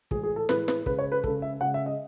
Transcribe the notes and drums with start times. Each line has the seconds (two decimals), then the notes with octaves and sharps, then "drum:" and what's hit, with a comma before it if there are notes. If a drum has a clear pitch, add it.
0.11 A2 E3 G#3 G#4, drum: kick
0.23 G#4
0.36 A4
0.49 A2 E3 G#3 B4, drum: snare
0.68 B4, drum: snare
0.86 C#3 G#3 B4, drum: kick
0.99 C#5
1.12 B4
1.24 C#3 G#3 A4, drum: kick
1.42 E5
1.61 C#3 G#3 F#5
1.74 E5
1.86 D#5